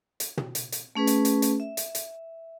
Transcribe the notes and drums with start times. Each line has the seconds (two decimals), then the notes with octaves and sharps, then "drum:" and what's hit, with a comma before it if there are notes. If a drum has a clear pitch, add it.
0.20 drum: hi-hat
0.37 drum: tom
0.55 drum: hi-hat
0.72 drum: hi-hat
0.95 A3 C#4 G#4 B4
1.07 drum: hi-hat
1.25 drum: hi-hat
1.42 drum: hi-hat
1.60 E5
1.77 drum: hi-hat
1.95 drum: hi-hat